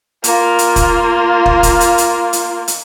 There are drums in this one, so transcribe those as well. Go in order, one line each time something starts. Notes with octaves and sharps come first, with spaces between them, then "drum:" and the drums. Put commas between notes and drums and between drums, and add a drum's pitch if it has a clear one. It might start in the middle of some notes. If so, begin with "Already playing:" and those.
A#3 F4, drum: hi-hat
drum: hi-hat
drum: kick, hi-hat
drum: kick
drum: kick, hi-hat
drum: hi-hat
drum: hi-hat
drum: hi-hat
drum: hi-hat